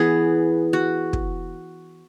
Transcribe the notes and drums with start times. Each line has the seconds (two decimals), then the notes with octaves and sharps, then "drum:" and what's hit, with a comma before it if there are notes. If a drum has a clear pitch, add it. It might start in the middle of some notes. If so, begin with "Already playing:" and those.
Already playing: E3 B3 G#4
0.73 F#4
1.13 drum: kick